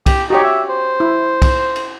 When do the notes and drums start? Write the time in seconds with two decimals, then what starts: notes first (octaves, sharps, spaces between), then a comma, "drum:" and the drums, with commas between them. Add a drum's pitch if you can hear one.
0.06 G4, drum: kick, cymbal
0.30 D#4 F#4 G4 C#5
0.43 E5
0.69 C5
1.00 E4
1.42 drum: kick, cymbal
1.76 drum: cymbal